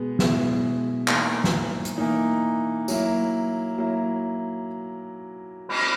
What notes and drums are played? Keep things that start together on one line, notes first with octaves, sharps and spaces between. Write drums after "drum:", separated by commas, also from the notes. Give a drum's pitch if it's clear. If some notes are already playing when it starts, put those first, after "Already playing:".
Already playing: B2 G#3 B3
B2 G#3 B3 E4, drum: snare
E3 A#3 D#4, drum: clap
drum: snare
drum: hi-hat
E3 A#3 D#4
F#3 A#3 E4, drum: tambourine
F#3 A#3 E4
drum: cymbal